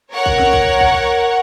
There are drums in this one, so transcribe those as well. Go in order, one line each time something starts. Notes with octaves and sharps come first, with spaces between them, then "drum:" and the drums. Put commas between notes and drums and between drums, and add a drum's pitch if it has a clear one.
A#4 C#5 F#5
drum: kick A#1
drum: snare
drum: kick A#1
drum: kick A#1